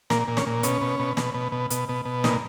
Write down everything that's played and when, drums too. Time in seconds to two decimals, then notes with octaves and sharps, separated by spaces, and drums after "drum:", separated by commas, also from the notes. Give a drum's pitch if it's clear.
0.10 A#2 A#3, drum: snare
0.28 A#2
0.37 C#4, drum: snare
0.46 A#2
0.63 B2 C#4, drum: hi-hat
0.81 B2
0.99 B2
1.17 B2, drum: snare
1.34 B2
1.52 B2
1.70 B2, drum: hi-hat
1.89 B2
2.05 B2
2.24 A#2 D#4, drum: snare